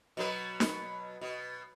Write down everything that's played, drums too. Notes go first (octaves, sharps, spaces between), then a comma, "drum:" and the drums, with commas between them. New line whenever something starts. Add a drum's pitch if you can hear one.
B2 F#3 B4
drum: snare
B2